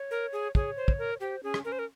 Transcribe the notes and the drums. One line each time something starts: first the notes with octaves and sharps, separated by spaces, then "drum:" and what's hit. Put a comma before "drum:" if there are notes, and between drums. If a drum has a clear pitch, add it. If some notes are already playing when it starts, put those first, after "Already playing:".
Already playing: C#5
A#4
G#4
G#4 C#5, drum: kick
C5
drum: kick
A#4
C#5
G4 C5
C#4 G#4
drum: rim click
C#4 A#4
C5
A#4